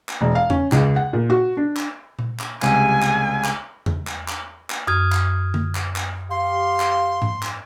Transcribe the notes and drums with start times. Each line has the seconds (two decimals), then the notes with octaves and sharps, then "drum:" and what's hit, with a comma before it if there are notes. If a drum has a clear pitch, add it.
0.09 drum: clap
0.21 E1
0.35 F5
0.50 C#4, drum: tom E2
0.72 C#2, drum: clap
0.96 F#5
1.13 A#2
1.30 F#4
1.57 D4
1.77 drum: clap
2.19 drum: tom A#2
2.40 drum: clap
2.62 C#2 C3 G3 G#5, drum: clap
3.02 drum: clap
3.44 drum: clap
3.86 drum: tom E2
4.07 drum: clap
4.28 drum: clap
4.70 drum: clap
4.87 F#2 D#6 F6 G#6
5.12 drum: clap
5.54 drum: tom D3
5.75 drum: clap
5.96 drum: clap
6.31 G4 F5 C6
6.80 drum: clap
7.22 drum: tom G#2
7.43 drum: clap